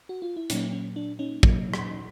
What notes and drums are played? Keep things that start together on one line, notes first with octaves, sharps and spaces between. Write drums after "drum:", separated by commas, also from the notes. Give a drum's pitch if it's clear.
F#4
F4
E4
A#2 F#3 A#3 C#4 D#4, drum: hi-hat
C#4
D4
C#4 D#4
A#2 F#3 A#3, drum: kick
drum: rim click